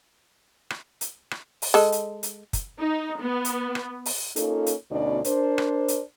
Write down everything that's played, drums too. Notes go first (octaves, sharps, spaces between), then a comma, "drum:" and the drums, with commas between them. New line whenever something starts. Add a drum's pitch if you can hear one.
drum: rim click
drum: hi-hat
drum: rim click
drum: open hi-hat
G#3 A4
drum: hi-hat
drum: hi-hat
drum: kick, hi-hat
D#4
B3
drum: hi-hat
drum: rim click
drum: open hi-hat
A#3 C#4 D#4 F4 A4, drum: hi-hat
drum: hi-hat
D2 B2 B3 C#4 D#4 D5
D4 A#4 C5, drum: hi-hat
drum: rim click
drum: hi-hat